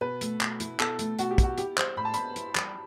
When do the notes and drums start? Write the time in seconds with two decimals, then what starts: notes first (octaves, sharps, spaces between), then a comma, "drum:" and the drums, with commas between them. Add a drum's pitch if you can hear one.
0.01 B2 B4
0.21 A3, drum: hi-hat
0.41 B2, drum: clap
0.60 E4, drum: hi-hat
0.80 B2 A4, drum: clap
0.99 A3, drum: hi-hat
1.19 B2 F#4, drum: hi-hat
1.31 G4
1.38 E4, drum: kick, hi-hat
1.43 F#4
1.58 E4 G4, drum: hi-hat
1.77 G3 C5, drum: clap
1.97 A2 B5
2.05 A5
2.14 B3 B5, drum: hi-hat
2.36 E4, drum: hi-hat
2.55 G3, drum: clap